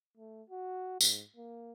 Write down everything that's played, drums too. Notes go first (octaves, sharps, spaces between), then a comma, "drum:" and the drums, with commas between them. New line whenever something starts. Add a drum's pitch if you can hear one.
A3
F#4
G#2, drum: tambourine
A#3